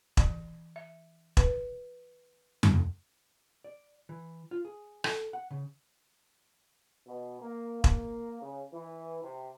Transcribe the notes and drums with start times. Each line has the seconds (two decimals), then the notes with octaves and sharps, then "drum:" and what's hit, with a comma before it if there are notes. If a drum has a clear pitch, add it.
0.17 E3, drum: kick E1
0.76 E5
1.37 B4, drum: kick E1
2.63 drum: tom F2
3.64 D5
4.09 E3
4.51 F4
4.65 G#4
5.04 A4, drum: rim click
5.33 F#5
5.51 C#3
7.07 B2
7.42 A#3
7.84 A#3, drum: kick E1
8.42 C#3
8.73 E3
9.24 C3